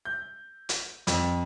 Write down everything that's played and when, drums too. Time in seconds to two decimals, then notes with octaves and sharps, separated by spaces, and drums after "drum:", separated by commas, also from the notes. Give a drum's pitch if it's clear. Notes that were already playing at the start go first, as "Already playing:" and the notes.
0.05 G6
0.69 drum: hi-hat
1.07 F2, drum: hi-hat